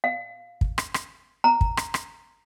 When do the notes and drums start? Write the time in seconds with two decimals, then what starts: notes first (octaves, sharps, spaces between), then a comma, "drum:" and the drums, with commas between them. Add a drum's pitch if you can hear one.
0.04 F5
0.61 drum: kick
0.78 drum: rim click
0.94 drum: rim click
1.44 A#5
1.61 drum: kick
1.77 drum: rim click
1.94 drum: rim click